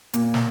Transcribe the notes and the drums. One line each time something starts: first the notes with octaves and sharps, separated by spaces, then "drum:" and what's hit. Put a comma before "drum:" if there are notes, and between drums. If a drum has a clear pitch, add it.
A#2 A#3, drum: hi-hat
drum: snare